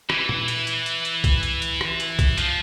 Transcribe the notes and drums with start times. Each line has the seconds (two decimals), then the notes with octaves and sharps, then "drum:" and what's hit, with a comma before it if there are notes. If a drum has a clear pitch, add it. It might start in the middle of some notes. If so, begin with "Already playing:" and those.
0.10 E3, drum: rim click
0.29 drum: tom A#2
0.48 drum: hi-hat
0.67 drum: hi-hat
0.86 drum: hi-hat
1.05 drum: hi-hat
1.24 drum: kick B1, hi-hat
1.43 drum: hi-hat
1.62 drum: hi-hat
1.81 drum: rim click
2.00 drum: hi-hat
2.19 drum: kick B1, hi-hat
2.38 F3, drum: hi-hat